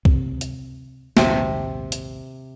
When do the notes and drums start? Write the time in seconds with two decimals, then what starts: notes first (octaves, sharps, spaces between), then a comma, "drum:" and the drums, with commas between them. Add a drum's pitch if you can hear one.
0.05 C3, drum: kick C2
0.41 drum: hi-hat
1.17 A#1 D#2 G#2 C3, drum: snare
1.92 drum: hi-hat